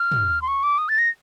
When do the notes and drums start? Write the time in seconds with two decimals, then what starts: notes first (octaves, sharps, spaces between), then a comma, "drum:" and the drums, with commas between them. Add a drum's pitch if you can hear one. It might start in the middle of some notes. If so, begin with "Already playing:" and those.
Already playing: F6
0.12 drum: tom
0.42 C6
0.48 C#6
0.63 D6
0.78 D#6
0.89 A6
0.98 A#6